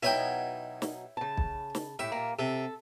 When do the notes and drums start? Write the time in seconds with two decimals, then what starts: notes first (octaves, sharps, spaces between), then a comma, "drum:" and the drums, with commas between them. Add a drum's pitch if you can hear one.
0.03 B2 F#3 D#4 E4 C#5 G5
0.82 drum: snare
1.17 C#3 A5
1.37 drum: kick B1
1.75 drum: snare
1.99 A2 E4 G4 E5
2.12 A#2 A#3
2.39 C3 A4